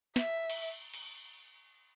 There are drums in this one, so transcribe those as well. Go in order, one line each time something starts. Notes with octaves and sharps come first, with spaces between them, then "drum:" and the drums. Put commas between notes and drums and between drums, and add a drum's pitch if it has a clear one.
E5, drum: snare
drum: cymbal
drum: cymbal